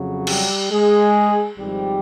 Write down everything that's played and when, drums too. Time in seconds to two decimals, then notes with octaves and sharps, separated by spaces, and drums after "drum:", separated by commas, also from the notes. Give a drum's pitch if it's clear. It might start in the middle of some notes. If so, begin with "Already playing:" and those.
Already playing: F2 C#3 F#3
0.27 G3 G4, drum: cymbal
0.70 G#3 G#4
1.58 G#1 G#2 F3 G3 G4